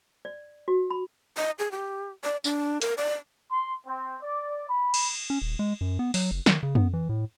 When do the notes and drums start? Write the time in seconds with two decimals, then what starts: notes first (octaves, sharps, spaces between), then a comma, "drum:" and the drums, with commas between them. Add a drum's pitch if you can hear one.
0.25 D5
0.68 F#4
0.90 B5
1.37 D#5
1.59 G#4
1.72 G4
2.24 D5
2.44 D4, drum: tambourine
2.82 A#4, drum: hi-hat
2.98 D5
3.50 C6
3.87 C4
4.22 D5
4.69 B5
4.94 drum: cymbal
5.30 C#4
5.42 D#1
5.59 G#3
5.81 F#2
5.99 B3
6.14 F#3, drum: open hi-hat
6.31 F#1
6.46 D#3, drum: snare
6.63 C#3
6.75 B3, drum: tom
6.93 E3
7.09 A2